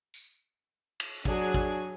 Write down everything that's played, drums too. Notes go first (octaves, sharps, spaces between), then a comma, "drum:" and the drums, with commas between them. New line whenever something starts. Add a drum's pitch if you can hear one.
drum: tambourine
drum: cymbal
F#3 D4 G#4 G#5, drum: kick
drum: kick